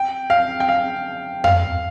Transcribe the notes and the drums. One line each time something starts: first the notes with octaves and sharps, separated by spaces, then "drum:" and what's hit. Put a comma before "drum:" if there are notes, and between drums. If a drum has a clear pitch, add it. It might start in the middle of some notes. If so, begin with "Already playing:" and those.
Already playing: G5
F5
G5
F5
F5, drum: tom F2